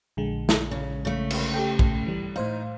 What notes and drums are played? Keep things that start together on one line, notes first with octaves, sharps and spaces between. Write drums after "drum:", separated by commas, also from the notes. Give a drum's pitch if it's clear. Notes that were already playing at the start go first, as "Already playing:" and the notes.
A#1 D3 G#3
drum: snare
C#3
C#3 A3
drum: cymbal
G4 A4 G5
drum: kick
E3 G3
A2 D#4 C5 F5